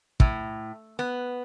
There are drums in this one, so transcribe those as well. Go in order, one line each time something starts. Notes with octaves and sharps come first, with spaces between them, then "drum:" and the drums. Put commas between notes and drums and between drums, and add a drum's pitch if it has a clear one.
A2, drum: kick
B3